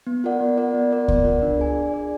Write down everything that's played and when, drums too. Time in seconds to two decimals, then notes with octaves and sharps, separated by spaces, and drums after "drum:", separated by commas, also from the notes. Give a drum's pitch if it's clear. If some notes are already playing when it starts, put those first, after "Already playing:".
0.07 B3
0.24 F4 A#4 D5 F#5
0.41 B3
0.57 F4 A#4 D5 F#5
0.74 B3
0.91 F4 A#4 D5 F#5
1.08 B3, drum: kick C#2
1.24 F4 A#4 D5 F#5
1.42 D4
1.59 G#4 D5 G#5
1.75 D4
1.93 G#4 D5 G#5